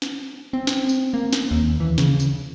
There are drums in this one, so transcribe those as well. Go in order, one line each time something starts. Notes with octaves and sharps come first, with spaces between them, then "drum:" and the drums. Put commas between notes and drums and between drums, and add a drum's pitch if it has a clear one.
drum: snare
C4
drum: snare
drum: tambourine
A#3
drum: snare
D#2
E3
C#3, drum: snare
drum: tambourine